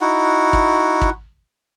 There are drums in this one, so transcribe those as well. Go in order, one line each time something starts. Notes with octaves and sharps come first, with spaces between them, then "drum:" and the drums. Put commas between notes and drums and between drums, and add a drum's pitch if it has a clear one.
D#4 E4 F#4 F#5
drum: kick
drum: kick